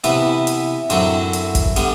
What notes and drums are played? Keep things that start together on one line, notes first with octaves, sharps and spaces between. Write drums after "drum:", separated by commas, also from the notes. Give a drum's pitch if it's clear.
C3 E3 B3 E4 B4, drum: hi-hat
drum: hi-hat
F#2 D3 F#3 C4 E4, drum: hi-hat
drum: hi-hat
drum: kick, hi-hat
D3 G3 B3, drum: hi-hat